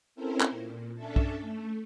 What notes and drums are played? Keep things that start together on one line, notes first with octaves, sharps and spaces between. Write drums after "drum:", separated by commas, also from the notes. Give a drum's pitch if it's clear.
C4 C#4 E4 A4 A#4 C5
drum: clap
A#2
C#4 D4 A4 E5 A5
drum: kick
A3